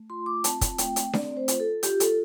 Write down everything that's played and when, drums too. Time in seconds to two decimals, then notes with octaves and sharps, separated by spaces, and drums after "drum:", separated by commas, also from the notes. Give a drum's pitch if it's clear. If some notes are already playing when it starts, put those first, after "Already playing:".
Already playing: A3
0.10 F4 C6
0.26 D6
0.44 C4 A5, drum: hi-hat
0.61 drum: kick, hi-hat
0.78 A3 G5, drum: hi-hat
0.96 drum: hi-hat
1.13 C4 D5, drum: snare D4
1.37 C5
1.48 F4, drum: hi-hat
1.60 A4
1.83 F4 G4, drum: hi-hat
2.00 A4, drum: hi-hat